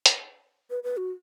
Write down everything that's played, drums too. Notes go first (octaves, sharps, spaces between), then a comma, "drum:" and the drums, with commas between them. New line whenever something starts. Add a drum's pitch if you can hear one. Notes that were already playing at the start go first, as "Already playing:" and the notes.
drum: hi-hat
B4
B4
F#4